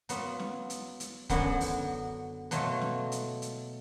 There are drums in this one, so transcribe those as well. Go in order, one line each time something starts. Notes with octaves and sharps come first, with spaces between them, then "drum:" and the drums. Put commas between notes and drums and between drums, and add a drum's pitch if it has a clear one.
F#3 B3 F4, drum: hi-hat
drum: snare
drum: hi-hat
drum: hi-hat
F#2 D3 F#3 B3 F#4, drum: kick, hi-hat
drum: open hi-hat
B2 F#3 A3 F4, drum: hi-hat
drum: snare
drum: hi-hat
drum: hi-hat